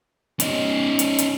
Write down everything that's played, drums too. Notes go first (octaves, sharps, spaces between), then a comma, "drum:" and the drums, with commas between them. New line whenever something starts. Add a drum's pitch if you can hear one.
C#4 D#4, drum: hi-hat
drum: hi-hat
drum: hi-hat